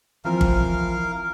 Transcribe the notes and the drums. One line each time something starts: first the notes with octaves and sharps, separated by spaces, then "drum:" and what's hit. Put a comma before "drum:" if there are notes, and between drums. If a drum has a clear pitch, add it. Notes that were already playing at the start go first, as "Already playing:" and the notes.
E3 F3 C4 A#4 F5
drum: kick G1